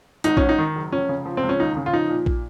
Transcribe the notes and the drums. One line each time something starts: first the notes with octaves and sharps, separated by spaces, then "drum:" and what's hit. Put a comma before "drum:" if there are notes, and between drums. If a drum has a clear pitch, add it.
G#1 D#4, drum: hi-hat
G#1 C#4, drum: kick A#1
D#4
D#3
F#1
F1 C#4
C#3
F3
C4
C#2
C#4
D#2 D#4
C#3
F4
F3 D#4
A#2
drum: kick A#1